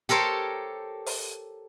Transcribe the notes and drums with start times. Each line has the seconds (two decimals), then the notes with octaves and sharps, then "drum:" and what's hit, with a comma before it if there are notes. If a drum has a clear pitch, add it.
0.09 G4 A4 A#4 C5 C#5
1.06 drum: open hi-hat